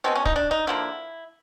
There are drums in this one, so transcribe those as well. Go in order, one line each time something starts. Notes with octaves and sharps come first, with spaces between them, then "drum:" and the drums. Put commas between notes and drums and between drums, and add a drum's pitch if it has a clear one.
B2 G#3 B3 C4
C#4
D#4, drum: kick
D4
D#4
D3 F3 A#3 E4